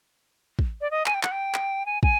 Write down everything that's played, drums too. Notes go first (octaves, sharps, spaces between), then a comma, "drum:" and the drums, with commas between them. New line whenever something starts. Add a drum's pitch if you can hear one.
drum: kick
D5
D#5
G#5, drum: clap
G5
F#5, drum: clap
G5
drum: clap
G#5
G#5, drum: kick